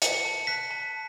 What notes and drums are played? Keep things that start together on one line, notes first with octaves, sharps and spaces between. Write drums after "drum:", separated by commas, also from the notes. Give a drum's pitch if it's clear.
A5 C#7, drum: hi-hat
A5
F#6 B6
A5